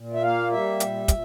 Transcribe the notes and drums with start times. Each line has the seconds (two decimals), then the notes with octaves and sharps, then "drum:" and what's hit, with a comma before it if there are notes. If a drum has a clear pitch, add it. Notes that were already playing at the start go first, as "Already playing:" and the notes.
Already playing: A#2
0.14 E5
0.23 A#3 F5
0.51 G3 E5
0.80 A#2, drum: hi-hat
1.08 A#2, drum: kick, hi-hat